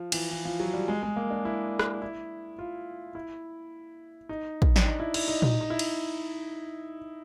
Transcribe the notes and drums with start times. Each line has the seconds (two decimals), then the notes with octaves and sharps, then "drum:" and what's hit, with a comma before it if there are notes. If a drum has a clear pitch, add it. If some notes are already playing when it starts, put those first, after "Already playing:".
Already playing: F3
0.12 E3, drum: cymbal
0.31 E3
0.45 F3
0.60 F#3
0.74 G3
0.88 G#3
1.03 G#3
1.16 A#3
1.30 D4
1.45 E4
1.79 drum: rim click
2.02 E4
2.58 F4
3.15 E4
4.29 D#4
4.62 drum: kick
4.76 D4, drum: snare
4.86 D#4
5.00 E4
5.14 E4, drum: cymbal
5.28 D#4
5.42 D#4, drum: tom A#2
5.61 D#4
5.70 E4
5.79 drum: cymbal